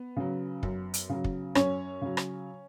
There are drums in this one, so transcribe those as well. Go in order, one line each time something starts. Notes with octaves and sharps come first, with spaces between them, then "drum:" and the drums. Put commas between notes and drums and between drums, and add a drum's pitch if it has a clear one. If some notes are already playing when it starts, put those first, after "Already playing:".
Already playing: B3
C#3 F#3
F#2, drum: kick
drum: hi-hat
C#3 F#3
drum: kick
F#2 C#4 C#5, drum: rim click
C#3 F#3
drum: rim click